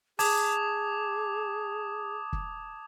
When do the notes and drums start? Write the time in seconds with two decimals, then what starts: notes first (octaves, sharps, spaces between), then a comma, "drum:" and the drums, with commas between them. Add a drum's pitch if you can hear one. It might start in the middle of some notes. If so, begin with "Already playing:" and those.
0.19 G#4 A5 D6 D#6 G#6, drum: open hi-hat
2.33 drum: kick